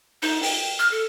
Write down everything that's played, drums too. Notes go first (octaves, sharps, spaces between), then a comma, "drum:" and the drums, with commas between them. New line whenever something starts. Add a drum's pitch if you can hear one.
D#4, drum: open hi-hat
G5, drum: open hi-hat
F6
A4